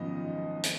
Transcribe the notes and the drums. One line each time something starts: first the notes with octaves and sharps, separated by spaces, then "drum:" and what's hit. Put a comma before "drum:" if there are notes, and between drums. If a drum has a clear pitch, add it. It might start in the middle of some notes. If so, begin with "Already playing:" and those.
Already playing: G#1 F#2 F3 B3 D#5
drum: hi-hat